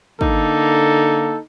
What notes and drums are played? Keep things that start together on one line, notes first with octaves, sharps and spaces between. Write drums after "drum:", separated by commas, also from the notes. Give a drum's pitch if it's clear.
D3 A#3 D#4 A4, drum: kick